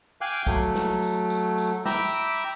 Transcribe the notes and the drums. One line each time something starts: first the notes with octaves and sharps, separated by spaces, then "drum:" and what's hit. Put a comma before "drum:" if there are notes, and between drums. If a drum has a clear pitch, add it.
F5 G5 G#5 D6 F#6 G6
F#3 A3, drum: kick B1, tambourine
drum: snare
drum: tambourine
drum: tambourine
drum: tambourine
E5 G5 A#5 B5 D6 E6, drum: snare